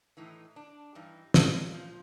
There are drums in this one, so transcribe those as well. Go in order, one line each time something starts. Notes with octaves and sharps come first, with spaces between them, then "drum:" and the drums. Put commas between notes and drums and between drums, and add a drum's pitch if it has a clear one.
A2 E3 D#4
D4
G2 E3 D#4
F4, drum: snare
A#2 F3